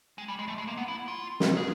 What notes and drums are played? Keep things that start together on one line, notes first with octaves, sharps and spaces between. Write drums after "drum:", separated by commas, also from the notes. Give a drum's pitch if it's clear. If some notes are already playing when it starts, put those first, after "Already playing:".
G#3
G3
G#3
A3
G#3
A#3
B3
E4
F4
drum: snare
G#4